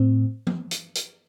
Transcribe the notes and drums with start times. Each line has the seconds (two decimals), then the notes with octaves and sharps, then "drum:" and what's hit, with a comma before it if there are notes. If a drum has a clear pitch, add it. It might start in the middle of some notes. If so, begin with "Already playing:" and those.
Already playing: A2 C4
0.47 drum: tom F3
0.71 drum: hi-hat
0.95 drum: hi-hat